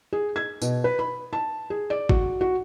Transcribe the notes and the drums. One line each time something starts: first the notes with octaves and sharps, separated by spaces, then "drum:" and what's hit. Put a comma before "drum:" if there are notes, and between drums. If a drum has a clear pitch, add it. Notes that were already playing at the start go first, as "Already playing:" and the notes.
G#4
G#6
B2, drum: tambourine
B4
B5
A5
G#4
D5
F#4, drum: kick G#1
F#4